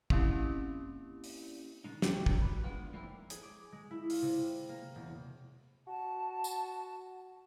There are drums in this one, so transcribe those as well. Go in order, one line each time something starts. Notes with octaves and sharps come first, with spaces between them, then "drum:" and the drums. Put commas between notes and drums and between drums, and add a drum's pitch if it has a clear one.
A#3 C4 C#4 E4 G4, drum: kick
drum: open hi-hat
D#3 G#3 D#4
A#4 D5 G5, drum: snare
G2 F3 F#3 C4, drum: kick
B4
D3 G#3 B3 F4
F3 G#3 A#3 C4 D#4 E4
G#4, drum: hi-hat
D6
G#3
E4
F4, drum: open hi-hat
C3
A#3
E1
F#4 A5
drum: tambourine